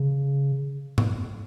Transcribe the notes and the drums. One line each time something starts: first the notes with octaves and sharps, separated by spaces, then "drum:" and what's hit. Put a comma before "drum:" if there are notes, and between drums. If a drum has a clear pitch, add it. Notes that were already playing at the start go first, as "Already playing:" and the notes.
Already playing: C#3
drum: tom G#2